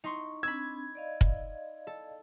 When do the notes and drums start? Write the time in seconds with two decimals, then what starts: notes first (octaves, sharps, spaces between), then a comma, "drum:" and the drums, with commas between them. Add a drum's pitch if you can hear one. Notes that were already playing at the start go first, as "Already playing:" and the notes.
0.04 D#4 C6 C#6
0.43 C4 D4 B5 E6 G#6
0.95 D5 D#5 F5
1.21 drum: kick
1.87 A4